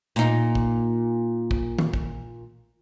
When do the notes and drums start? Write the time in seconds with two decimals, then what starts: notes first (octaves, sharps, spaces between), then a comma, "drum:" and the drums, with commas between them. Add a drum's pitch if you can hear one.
0.16 A#2 D#4, drum: hi-hat
0.55 drum: kick
1.51 drum: kick
1.79 drum: tom
1.93 drum: kick